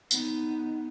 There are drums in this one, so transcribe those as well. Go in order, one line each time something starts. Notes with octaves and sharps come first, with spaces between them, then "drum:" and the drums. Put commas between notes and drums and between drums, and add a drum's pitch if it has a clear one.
B3 D#4, drum: tambourine